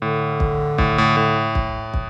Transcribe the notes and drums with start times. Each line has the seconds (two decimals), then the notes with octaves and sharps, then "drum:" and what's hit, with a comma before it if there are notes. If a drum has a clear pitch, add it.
0.01 A2 D3
0.40 drum: kick
0.78 A2, drum: kick
0.98 A2
1.17 A2
1.55 drum: kick
1.94 drum: kick